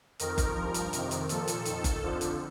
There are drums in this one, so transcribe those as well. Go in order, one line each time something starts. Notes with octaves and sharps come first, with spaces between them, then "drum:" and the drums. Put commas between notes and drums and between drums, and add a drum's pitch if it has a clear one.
F2 D#3 A#4, drum: hi-hat
drum: kick F#1, hi-hat
G2 F3
drum: hi-hat
F2 C3 D#3, drum: hi-hat
drum: hi-hat
A#2 F3 A4, drum: hi-hat
drum: hi-hat
F2 D#3, drum: hi-hat
drum: kick F#1, hi-hat
F2 D3 F3
drum: hi-hat